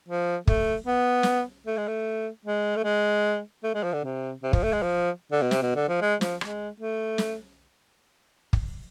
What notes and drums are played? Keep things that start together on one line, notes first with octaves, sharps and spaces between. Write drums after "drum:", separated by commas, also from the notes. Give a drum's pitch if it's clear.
F3
A3, drum: kick
B3
drum: snare
A3
G#3
A3
G#3
A3
G#3
A3
G#3
F3
D3
C3
C3
F3, drum: kick
A3
G#3
F3
D3
B2
C3, drum: snare
B2
D3
F3
G#3
F3, drum: snare
G#3, drum: rim click
A3
drum: snare
drum: kick